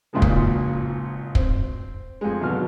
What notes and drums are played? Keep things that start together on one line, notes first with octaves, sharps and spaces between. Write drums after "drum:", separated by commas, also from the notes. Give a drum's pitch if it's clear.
G#1 C#2 A#2 C#3 F3 G#3
drum: kick
C4, drum: kick
F2 G#3
G#1 B2 D3 F#3 F6